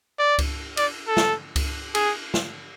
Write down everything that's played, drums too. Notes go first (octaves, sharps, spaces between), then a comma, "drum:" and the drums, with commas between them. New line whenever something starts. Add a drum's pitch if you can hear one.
D5
drum: kick C#2, cymbal
D5, drum: cymbal
A4
drum: snare
drum: kick C#2, cymbal
G#4, drum: cymbal
drum: snare